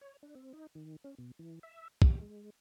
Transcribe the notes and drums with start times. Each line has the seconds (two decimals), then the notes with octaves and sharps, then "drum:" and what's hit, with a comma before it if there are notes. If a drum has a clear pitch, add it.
0.01 C#5
0.23 D4
0.35 C4
0.53 D#4
0.75 D#3
1.04 C#4
1.18 B2
1.39 E3
1.63 E5
2.02 G4, drum: kick
2.21 G#3